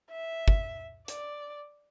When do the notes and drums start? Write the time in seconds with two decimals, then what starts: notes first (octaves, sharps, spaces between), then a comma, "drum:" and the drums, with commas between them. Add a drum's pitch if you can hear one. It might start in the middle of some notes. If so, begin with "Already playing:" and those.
0.11 E5
0.48 drum: kick
1.08 D5, drum: hi-hat